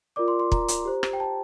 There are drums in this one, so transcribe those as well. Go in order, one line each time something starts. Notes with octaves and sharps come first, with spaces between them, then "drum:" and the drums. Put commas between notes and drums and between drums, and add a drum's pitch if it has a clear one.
F4 A#4 D5 D6
C6
C6
A#5, drum: kick
drum: hi-hat
G4 C5
drum: rim click
G5
A5